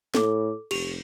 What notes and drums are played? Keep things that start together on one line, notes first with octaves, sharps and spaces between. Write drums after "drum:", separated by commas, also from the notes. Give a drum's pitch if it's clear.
A2 A4 D6, drum: snare
F1 G4 F7, drum: cymbal